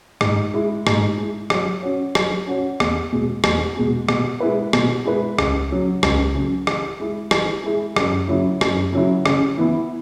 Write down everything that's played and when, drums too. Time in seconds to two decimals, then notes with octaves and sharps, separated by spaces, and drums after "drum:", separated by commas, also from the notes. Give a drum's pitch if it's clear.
0.21 G#2, drum: rim click
0.54 G#3 E4
0.87 G#2, drum: rim click
1.18 G#3
1.23 E4
1.50 F#3, drum: rim click
1.83 C#4 F#4 C#5
2.15 F#3, drum: rim click
2.47 C#4 F#4 C#5
2.80 E2, drum: rim click
3.12 B2 G#3
3.44 E2, drum: rim click
3.77 B2 G#3
4.09 B2, drum: rim click
4.40 G#3 E4 B4
4.73 B2, drum: rim click
5.05 G#3 E4 B4
5.38 C#2, drum: rim click
5.71 C#3 F#3
6.03 C#2, drum: rim click
6.35 C#3 F#3
6.67 E3, drum: rim click
7.00 G#3 E4 G#4
7.31 E3, drum: rim click
7.64 G#3 E4 G#4
7.96 F#2, drum: rim click
8.28 C#3 F#3 E4
8.61 F#2, drum: rim click
8.93 C#3 F#3 E4
9.26 C#3, drum: rim click
9.58 E3 B3 E4